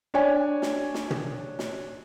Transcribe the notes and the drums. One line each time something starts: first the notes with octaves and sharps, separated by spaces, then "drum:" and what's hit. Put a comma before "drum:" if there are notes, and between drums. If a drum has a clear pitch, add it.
D4 C#5 G#5
drum: snare
drum: snare
drum: tom
drum: snare